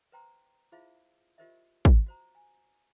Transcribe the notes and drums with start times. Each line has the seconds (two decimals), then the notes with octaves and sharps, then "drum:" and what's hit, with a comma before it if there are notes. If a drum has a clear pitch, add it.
0.12 B4 C5 G5 A#5 C6
0.72 E4 F4 G#4 C5 E5 F5
1.38 F4 G4 A#4 C5 D#5 E5
1.85 drum: kick
2.06 F#4 C5 A#5
2.35 G#5